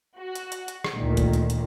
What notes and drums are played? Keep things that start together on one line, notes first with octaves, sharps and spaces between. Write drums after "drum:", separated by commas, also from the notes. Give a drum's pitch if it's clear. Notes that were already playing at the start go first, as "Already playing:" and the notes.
F#4
drum: hi-hat
drum: hi-hat
drum: hi-hat
drum: rim click
D2 A#2 D#3
drum: kick, hi-hat
drum: hi-hat
drum: hi-hat